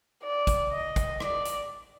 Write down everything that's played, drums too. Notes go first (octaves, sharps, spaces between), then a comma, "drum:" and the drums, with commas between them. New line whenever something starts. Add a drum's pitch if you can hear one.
D5
drum: kick, hi-hat
D#5
drum: kick, hi-hat
D5, drum: rim click
drum: hi-hat